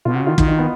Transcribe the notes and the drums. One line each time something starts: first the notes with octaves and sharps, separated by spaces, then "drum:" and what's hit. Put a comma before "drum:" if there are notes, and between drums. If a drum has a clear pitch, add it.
B2 F4
C3 F#4
C#3
D#3 F4
D#3, drum: kick
D#4
B3